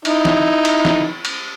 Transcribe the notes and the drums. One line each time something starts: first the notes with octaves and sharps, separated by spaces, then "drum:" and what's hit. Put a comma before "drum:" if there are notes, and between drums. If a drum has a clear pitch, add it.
D#4 E4, drum: cymbal
drum: snare
drum: cymbal
drum: snare
drum: cymbal